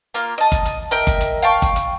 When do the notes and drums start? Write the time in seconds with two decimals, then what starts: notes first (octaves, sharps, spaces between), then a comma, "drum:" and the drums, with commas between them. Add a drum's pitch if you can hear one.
0.14 A#3 F4
0.38 D#5 A5
0.52 drum: kick G1, hi-hat
0.65 drum: hi-hat
0.91 A#4 D#5 E5 G5
1.07 drum: kick G1, hi-hat
1.21 drum: hi-hat
1.42 F5 G5 A5 C#6
1.62 drum: kick G1, hi-hat
1.76 drum: hi-hat